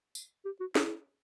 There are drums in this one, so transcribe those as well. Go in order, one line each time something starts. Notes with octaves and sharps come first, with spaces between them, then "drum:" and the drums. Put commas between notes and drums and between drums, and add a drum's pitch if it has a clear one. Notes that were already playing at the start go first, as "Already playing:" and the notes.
drum: tambourine
G4
F#4
E4, drum: snare